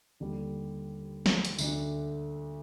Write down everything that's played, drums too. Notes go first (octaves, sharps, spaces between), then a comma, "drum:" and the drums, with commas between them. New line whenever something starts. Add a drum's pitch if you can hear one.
D#2 D3 G3
drum: snare
drum: hi-hat
D2 D3 A3 D4, drum: tambourine